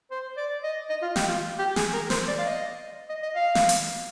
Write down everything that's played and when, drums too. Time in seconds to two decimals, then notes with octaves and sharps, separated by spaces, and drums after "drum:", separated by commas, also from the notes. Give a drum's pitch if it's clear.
0.11 C5
0.37 D5
0.64 D#5
0.89 D#5
1.02 F4
1.16 G4, drum: snare
1.29 F4
1.59 G4
1.76 G#4, drum: snare
1.93 A#4
2.10 C5, drum: snare
2.28 D5
2.39 F5
2.45 D#5
3.09 D#5
3.22 D#5
3.35 F5
3.55 drum: snare
3.69 drum: hi-hat